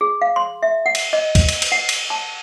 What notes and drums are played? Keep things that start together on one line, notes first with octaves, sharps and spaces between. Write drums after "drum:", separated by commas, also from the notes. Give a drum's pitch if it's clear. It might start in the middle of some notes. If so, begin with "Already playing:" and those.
G#4
F5
C6
E5
F#5
drum: cymbal
D#5
drum: kick, cymbal
drum: cymbal
drum: cymbal
F#5
drum: cymbal
A5